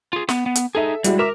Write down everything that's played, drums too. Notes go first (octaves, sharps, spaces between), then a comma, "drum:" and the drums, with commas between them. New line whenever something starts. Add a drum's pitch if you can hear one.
F4 G#4
B3, drum: snare
B3
drum: hi-hat
D#4 G#4 A4 E5
G3 G#3 E4 F#4, drum: hi-hat
A#4 E5 D6 F7